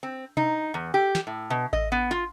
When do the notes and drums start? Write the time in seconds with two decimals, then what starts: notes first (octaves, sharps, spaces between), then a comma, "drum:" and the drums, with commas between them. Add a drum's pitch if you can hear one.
0.03 C4
0.37 D#4, drum: tom B2
0.74 E2
0.94 G4
1.15 drum: snare
1.27 A2
1.50 B2
1.73 D#5, drum: kick A1
1.92 B3
2.11 F4